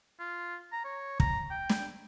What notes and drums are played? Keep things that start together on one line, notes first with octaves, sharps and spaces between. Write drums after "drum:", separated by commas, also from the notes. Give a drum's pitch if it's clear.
F4
A#5
C#5
A#5, drum: kick
G5
drum: snare